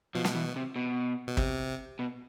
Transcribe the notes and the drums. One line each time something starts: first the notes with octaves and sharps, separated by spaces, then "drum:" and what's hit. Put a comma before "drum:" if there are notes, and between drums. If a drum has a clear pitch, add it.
B2 F3
drum: snare
E3
C3
B2
B2
C3, drum: kick
B2